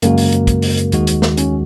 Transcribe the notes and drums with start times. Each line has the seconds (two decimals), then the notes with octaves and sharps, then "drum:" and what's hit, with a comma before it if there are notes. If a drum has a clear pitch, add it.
0.02 F#2 C#3 G#3 A#3 F#4, drum: hi-hat
0.17 drum: open hi-hat
0.32 drum: hi-hat
0.47 drum: kick, hi-hat
0.62 drum: open hi-hat
0.77 drum: hi-hat
0.92 D#2 D#3 G#3 F#4, drum: hi-hat
1.07 drum: hi-hat
1.22 drum: snare
1.37 C#4, drum: hi-hat